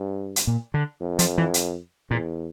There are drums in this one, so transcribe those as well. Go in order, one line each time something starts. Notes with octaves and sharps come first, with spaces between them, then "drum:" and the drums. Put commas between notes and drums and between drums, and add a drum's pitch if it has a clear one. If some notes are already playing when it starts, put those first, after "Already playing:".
Already playing: G2
drum: hi-hat
A#2
D3
F2
F3, drum: hi-hat
E3
drum: hi-hat
E2 A#2